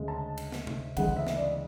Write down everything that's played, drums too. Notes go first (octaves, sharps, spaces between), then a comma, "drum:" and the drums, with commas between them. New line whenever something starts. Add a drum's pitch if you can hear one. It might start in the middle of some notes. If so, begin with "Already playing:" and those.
Already playing: D2 C#3 G#3
A5
drum: cymbal
drum: snare
drum: tom
D2 C#3 E3 G#3 F#5, drum: kick A#1, cymbal
E5
drum: snare
D5